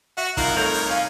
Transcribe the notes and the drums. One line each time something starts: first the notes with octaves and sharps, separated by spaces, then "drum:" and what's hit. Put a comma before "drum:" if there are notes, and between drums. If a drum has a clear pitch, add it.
F#4 E5
C2 D#4 F4 A#4 F5 F#5, drum: kick, open hi-hat
A3 A#4 C#5 G6 F7
drum: open hi-hat
C#4 F5